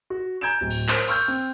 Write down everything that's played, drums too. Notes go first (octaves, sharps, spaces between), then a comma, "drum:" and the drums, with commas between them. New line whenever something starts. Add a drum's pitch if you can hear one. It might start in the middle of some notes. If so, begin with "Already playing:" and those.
F#4
G#5 A#5 G6 G#6 D7 E7
D1
drum: cymbal
A#4 C5, drum: clap
C6 C#6 E6 F6 G6, drum: cymbal
C4